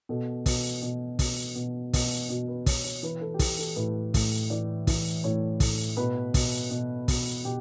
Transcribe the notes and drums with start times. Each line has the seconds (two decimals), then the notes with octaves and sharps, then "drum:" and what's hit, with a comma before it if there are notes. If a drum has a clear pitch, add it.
0.09 B2 A4
0.46 B2, drum: kick, open hi-hat
0.82 B2
1.19 B2, drum: kick, open hi-hat
1.55 B2
1.93 B2, drum: kick, open hi-hat
2.29 B2 F#4
2.48 B4
2.66 B2 C#5, drum: kick, open hi-hat
2.84 C#5
3.03 E3 B4
3.21 A4
3.34 G4
3.39 E3 A4, drum: kick, open hi-hat
3.59 A4
3.76 A2 B4
4.14 A2, drum: kick, open hi-hat
4.50 E3 D5
4.87 E3, drum: kick, open hi-hat
5.24 A2 C#5
5.60 A2, drum: kick, open hi-hat
5.97 B2 B4
6.34 B2, drum: kick, open hi-hat
6.71 B2
7.08 B2, drum: kick, open hi-hat
7.45 B2 G4